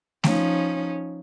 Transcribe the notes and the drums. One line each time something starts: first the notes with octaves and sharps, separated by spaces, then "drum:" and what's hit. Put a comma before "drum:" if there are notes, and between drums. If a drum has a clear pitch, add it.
F3 C#4 D#4, drum: snare A3